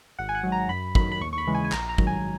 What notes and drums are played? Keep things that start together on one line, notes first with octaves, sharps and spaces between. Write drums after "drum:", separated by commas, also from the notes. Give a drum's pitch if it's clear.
G#1 F#5
G#5
F#5
G#2 F#3
A#5
F#2 B5
D#3 F#3 B5, drum: kick
B5
D#2 C#6
C#6
B5
C#3 E3 G#3
G#5
G#5
A#1 A#5, drum: clap
A#5
G#2 D#3 F#3, drum: kick
G#5